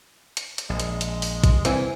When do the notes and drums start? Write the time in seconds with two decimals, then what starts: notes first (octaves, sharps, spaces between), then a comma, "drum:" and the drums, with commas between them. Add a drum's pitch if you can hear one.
0.37 drum: hi-hat
0.58 drum: hi-hat
0.70 A#1 G#3
0.80 drum: hi-hat
1.01 drum: hi-hat
1.22 drum: open hi-hat
1.44 drum: kick, hi-hat
1.65 C2 E3 C4 G#5, drum: hi-hat